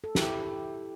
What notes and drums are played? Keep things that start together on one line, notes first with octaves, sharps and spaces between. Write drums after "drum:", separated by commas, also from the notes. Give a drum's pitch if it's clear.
A4
E4 G4, drum: snare